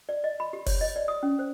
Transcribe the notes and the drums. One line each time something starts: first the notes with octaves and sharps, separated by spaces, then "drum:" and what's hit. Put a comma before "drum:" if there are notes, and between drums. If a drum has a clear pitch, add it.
D5
D#5
B5
G4
C#5, drum: kick F1, open hi-hat
D#5
D5
D#6
C#4
C5